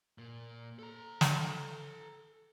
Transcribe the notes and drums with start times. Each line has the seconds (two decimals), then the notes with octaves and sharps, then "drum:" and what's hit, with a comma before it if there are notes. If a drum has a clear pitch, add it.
0.18 A#2
0.79 A4 A#5
1.21 drum: snare